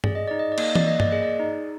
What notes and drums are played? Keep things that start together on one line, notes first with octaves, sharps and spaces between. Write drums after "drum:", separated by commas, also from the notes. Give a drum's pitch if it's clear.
G#4 D5, drum: tom G2
D#5
D#4 D5
D#5
D5
A#3, drum: cymbal
D#5
D5, drum: tom E3
A#3 D#5
D5, drum: tom G2
G#4 D#5
D5
D#4